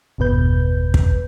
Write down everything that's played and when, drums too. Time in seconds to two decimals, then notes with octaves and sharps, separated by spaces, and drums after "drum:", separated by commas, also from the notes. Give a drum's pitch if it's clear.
0.18 G1 E2 B2 B4 G6
0.94 drum: kick